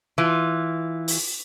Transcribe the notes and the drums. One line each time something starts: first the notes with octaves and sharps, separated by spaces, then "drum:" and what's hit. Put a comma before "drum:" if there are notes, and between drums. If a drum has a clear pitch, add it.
E3 F4
drum: open hi-hat